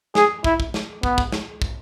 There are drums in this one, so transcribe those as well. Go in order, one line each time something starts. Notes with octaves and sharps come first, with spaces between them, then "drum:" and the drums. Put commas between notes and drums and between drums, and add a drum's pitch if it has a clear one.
G#4, drum: snare
E4, drum: kick
drum: kick
drum: snare
B3, drum: kick
drum: kick
drum: snare
drum: kick